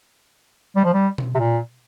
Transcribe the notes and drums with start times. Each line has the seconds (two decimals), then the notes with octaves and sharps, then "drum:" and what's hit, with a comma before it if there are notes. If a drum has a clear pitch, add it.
0.76 G3
0.84 F3
0.93 G3
1.18 drum: tom B2
1.35 C3
1.39 A#2